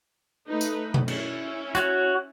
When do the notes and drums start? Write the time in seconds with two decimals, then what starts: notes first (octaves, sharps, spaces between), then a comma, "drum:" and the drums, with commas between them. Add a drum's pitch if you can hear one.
0.48 A3 D#4 B4
0.61 drum: tambourine
0.94 drum: tom B2
1.08 C#4 E4, drum: cymbal
1.75 F#4 C#5, drum: hi-hat